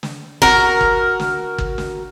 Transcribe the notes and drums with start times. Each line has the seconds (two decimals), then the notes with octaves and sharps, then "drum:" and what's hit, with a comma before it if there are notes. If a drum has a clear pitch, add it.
0.03 drum: snare
0.42 F#4 A#4, drum: kick G1
0.81 drum: kick G1
1.20 drum: snare
1.58 drum: kick G1
1.78 drum: snare